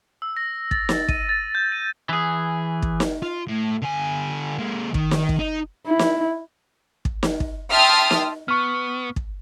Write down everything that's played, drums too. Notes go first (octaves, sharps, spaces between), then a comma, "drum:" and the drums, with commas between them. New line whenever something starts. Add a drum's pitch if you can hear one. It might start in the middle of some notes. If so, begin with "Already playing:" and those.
E6
A#6
A6, drum: kick
drum: snare
D#7, drum: kick
A6
G6
D#7
E3 G#4
drum: kick
drum: snare
F4
A2
D3 G#5
G#3 A#3
D#3, drum: kick
drum: snare
drum: kick
D#4
E4
drum: snare
drum: kick
drum: snare
drum: kick
E5 G5 A5 C6 D#6 F6
drum: snare
B3 C#6 F6
drum: kick